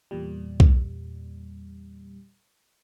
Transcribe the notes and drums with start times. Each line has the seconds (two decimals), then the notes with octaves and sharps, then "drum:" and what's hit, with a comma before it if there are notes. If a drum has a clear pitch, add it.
0.11 E2 A#2 G3
0.60 drum: kick